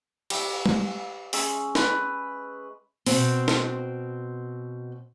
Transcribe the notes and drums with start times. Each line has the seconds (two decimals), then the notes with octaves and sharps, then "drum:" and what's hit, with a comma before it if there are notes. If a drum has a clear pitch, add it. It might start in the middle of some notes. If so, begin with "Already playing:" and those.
0.30 G3 E5, drum: cymbal
0.66 drum: tom
1.33 G#3 C#4 E6, drum: open hi-hat
1.75 B4, drum: snare
3.06 B2 C4, drum: open hi-hat
3.48 drum: snare